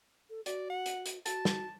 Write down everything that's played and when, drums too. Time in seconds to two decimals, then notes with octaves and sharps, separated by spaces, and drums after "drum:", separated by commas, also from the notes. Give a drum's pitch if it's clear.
0.30 A4
0.46 F#4 D5, drum: hi-hat
0.70 F#5
0.86 drum: hi-hat
1.06 drum: hi-hat
1.26 F#4 A5, drum: hi-hat
1.45 drum: snare